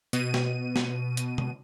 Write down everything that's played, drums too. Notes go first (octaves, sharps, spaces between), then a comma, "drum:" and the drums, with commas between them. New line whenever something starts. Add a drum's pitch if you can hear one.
B2 D#7, drum: hi-hat
drum: snare
drum: snare
drum: hi-hat
drum: tom